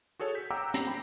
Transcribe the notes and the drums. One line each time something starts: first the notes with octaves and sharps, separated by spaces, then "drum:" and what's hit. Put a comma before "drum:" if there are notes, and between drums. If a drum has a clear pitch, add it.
F#4 G#4 A4 C#5
G6 B6
F#5 G5 A#5 D6 E6 G6
A#5 B5 A#6 C7, drum: hi-hat
G5 B5 D6